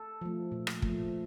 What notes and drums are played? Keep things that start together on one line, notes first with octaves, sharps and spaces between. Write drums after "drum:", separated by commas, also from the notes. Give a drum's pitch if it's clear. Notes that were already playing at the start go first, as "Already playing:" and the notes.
Already playing: A4
F3 A3
A#2
drum: rim click
F3 A3, drum: kick